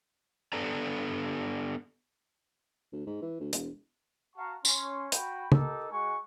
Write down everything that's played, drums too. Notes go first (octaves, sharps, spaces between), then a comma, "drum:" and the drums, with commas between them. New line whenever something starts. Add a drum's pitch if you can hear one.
B3 D4 A4 B4 D5 A#5
D2
G#2
E3
D2
E1, drum: hi-hat
F#4 F5 F#5 A5 A#5 C#6
C#4 C6, drum: tambourine
F#4 G5 A#5 B5, drum: hi-hat
D#4 G4 A4 A#4, drum: tom
G#3 F#4 G#5 C#6